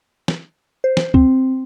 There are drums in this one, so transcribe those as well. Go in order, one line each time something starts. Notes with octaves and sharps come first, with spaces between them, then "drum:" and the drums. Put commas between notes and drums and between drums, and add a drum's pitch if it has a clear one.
drum: snare
C5
drum: snare
C4, drum: kick